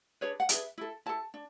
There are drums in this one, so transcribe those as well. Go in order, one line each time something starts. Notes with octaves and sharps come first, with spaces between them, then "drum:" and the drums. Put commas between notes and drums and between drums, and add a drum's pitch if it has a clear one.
D4 G#4 B4 C#5
F#5
D4 G#4 B4 E5, drum: hi-hat
E4 A4
E4 A4 A5
D4